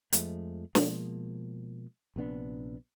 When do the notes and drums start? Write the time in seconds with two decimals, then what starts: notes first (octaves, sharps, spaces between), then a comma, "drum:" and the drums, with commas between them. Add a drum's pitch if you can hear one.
0.13 F2 F3 G#3 A3, drum: hi-hat
0.75 B2 F3 G#3 A#3, drum: snare
2.16 A#1 C3 B3 D4